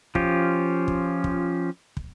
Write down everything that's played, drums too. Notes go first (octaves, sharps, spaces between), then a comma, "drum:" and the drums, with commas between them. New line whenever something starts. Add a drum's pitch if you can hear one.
F3 C#4 F4 G4, drum: kick
drum: kick
drum: kick
drum: kick